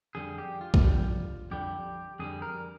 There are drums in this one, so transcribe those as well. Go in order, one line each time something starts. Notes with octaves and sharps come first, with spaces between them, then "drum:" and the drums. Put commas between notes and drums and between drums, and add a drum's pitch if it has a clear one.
F2 D3 G3 G#4
G4
F4
drum: kick A#1
F2 D3 G3
F2 D3 G3 G4
F2 D3 G3 G#4
A#4